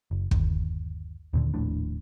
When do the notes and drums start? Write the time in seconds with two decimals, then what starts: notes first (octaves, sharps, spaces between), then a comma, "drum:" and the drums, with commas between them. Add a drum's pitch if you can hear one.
0.11 F#1
0.31 G1 D#2, drum: kick
1.33 D#2 A#2 D3
1.54 D#1 A#1 A2 D4